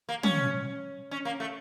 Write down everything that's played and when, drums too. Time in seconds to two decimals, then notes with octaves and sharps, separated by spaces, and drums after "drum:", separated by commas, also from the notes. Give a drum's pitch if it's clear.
0.09 A#3
0.23 C#4, drum: tom
1.11 C#4
1.25 A#3
1.40 A3